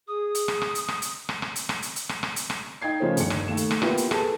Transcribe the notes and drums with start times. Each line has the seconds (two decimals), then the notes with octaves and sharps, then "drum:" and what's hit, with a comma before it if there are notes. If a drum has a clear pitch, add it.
0.08 G#4 D#6
0.35 drum: hi-hat
0.48 drum: rim click
0.62 drum: rim click
0.75 drum: hi-hat
0.88 drum: rim click
1.02 drum: hi-hat
1.29 drum: rim click
1.42 drum: rim click
1.56 drum: hi-hat
1.69 drum: rim click
1.82 drum: hi-hat
1.96 drum: hi-hat
2.09 drum: rim click
2.23 drum: rim click
2.36 drum: hi-hat
2.50 drum: rim click
2.82 D#4 G5 G#6 C7
3.00 C#3 F3 A3 C#4 A#4 C5
3.17 G1 D#2 C#7, drum: hi-hat
3.30 drum: rim click
3.48 D#2 A3 E7
3.57 drum: hi-hat
3.71 drum: rim click
3.82 A#3 B3 E4 F4 G4, drum: rim click
3.97 drum: hi-hat
4.11 G#4 A4 B4 A5, drum: rim click